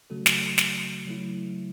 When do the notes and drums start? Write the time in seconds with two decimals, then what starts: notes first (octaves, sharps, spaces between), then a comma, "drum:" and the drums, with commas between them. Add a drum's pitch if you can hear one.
0.10 C#3 F#3 A3 F#4 A4
0.26 drum: snare
0.58 drum: snare
1.06 C#3 F#3 A3 E4